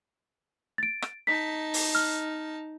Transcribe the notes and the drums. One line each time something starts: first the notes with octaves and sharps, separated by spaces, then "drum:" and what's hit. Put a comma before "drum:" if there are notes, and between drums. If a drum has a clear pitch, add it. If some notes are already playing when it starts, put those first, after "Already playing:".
A6 D7
drum: rim click
D#4 A5 B6
drum: open hi-hat
F6